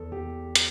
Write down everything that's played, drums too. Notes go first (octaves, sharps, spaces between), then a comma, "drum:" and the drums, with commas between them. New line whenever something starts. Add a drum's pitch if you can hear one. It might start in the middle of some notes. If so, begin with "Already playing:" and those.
Already playing: E2 A4
E2 G4
drum: hi-hat